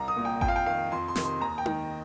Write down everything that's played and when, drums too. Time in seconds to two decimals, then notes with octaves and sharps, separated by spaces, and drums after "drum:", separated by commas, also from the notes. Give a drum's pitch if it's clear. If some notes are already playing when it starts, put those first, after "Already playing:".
Already playing: C2 A#5
0.08 D#6
0.17 A#2
0.25 G5
0.41 F2 G5, drum: kick G#1
0.48 F5
0.56 G5
0.66 D#3 F5
0.92 F2 C6
1.08 C6
1.15 C3 D#3, drum: snare
1.25 C6
1.40 D#2 A#5
1.58 G5
1.66 D#3, drum: tom D#4